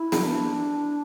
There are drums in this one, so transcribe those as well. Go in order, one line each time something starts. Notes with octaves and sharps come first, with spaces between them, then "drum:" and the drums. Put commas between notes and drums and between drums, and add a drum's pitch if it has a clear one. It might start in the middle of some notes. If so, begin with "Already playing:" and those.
Already playing: E4
drum: snare
D4